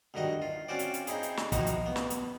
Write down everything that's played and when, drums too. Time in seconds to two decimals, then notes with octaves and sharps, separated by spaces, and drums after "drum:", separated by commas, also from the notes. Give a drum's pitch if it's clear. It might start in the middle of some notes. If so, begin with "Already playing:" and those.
0.14 D2 G2 D#3 F#4 D#5
0.42 F4
0.69 C4 C#4 F4 F#4 C5 D5
0.79 drum: hi-hat
0.94 drum: hi-hat
1.07 C4 D#4 E4 G#4, drum: hi-hat
1.23 drum: hi-hat
1.37 drum: snare
1.52 D#3 F3 A#3 D#4 E4 F#4, drum: kick, hi-hat
1.67 drum: hi-hat
1.86 B3
1.96 drum: snare
2.10 drum: hi-hat